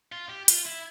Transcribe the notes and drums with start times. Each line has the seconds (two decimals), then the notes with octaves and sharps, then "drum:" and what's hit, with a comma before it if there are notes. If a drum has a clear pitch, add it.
0.12 F4
0.29 G4
0.48 F4, drum: hi-hat
0.66 E4